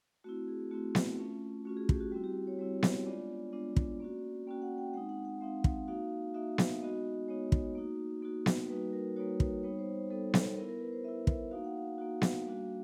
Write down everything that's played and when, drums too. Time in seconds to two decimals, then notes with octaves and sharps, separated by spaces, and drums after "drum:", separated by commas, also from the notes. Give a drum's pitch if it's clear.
0.24 A3 C4 E4 F#4
0.48 G#4
0.71 A3 C4 E4 F#4
0.95 drum: snare B3
1.18 A3 C#4 F4
1.65 A3 C#4 F4 F#4
1.77 G#4
1.89 G4, drum: kick
2.00 F#4
2.12 G3 C4 E4 F#4
2.24 G4
2.47 C#5
2.59 G3 C4 E4 C#5
2.83 drum: snare B3
3.06 G#3 B3 D4 F4 D5
3.53 G#3 B3 D4 F4
3.76 drum: kick
4.00 A#3 C#4 F#4
4.47 A#3 C#4 F#4 G5
4.62 F#5
4.78 G5
4.94 G#3 C4 D#4 F#5
5.09 F#5
5.25 F#5
5.41 G#3 C4 D#4 F5
5.64 drum: kick
5.88 A#3 D#4 F#4 F5
6.34 A#3 D#4 F#4 E5
6.58 drum: snare B3
6.81 G#3 B3 D#4 F#4 D#5
7.28 G#3 B3 D#4 F#4 C#5
7.52 drum: kick
7.75 A#3 D#4 F#4
8.22 A#3 D#4 F#4
8.46 drum: snare B3
8.69 G3 A#3 D#4 F#4 B4
8.93 A#4
9.16 G3 A#3 D#4 F#4 C#5
9.40 C#5, drum: kick
9.63 G3 B3 D#4 C#5
9.79 C5
9.95 C5
10.10 G3 B3 D#4 A4
10.34 A4, drum: snare B3
10.57 B3 E4 A#4
10.69 A#4
10.81 B4
10.93 C5
11.04 B3 E4 E5
11.27 E5, drum: kick
11.51 A#3 D#4 F#4 F5
11.64 F#5
11.78 F5
11.98 A#3 D#4 F#4
12.22 drum: snare B3
12.45 G3 A#3 D4 F#4